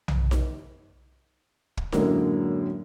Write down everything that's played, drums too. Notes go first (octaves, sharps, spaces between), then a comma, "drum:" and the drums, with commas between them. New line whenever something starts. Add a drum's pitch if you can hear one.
drum: tom B1
drum: snare D#4
drum: kick
F#2 A2 D3 F#3 G#3 A#3, drum: snare D#4